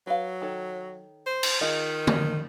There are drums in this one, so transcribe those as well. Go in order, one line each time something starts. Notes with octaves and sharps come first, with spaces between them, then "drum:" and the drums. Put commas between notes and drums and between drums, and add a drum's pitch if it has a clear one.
F#3 B4 F5
D#3 A4 C#5
C5
drum: cymbal
D#3 F4 G#4 D#5
drum: tom D3